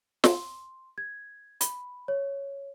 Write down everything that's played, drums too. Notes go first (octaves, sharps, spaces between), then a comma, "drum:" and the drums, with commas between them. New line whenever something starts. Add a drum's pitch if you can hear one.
C6, drum: snare
G#6
B5, drum: hi-hat
C#5